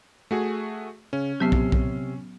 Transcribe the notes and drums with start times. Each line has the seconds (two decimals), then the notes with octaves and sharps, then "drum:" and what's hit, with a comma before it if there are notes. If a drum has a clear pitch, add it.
0.31 A3 F#4 G#4
1.13 C#3 C#4
1.40 C3 F#3 B3 G4 E6 C7
1.52 drum: kick
1.72 drum: kick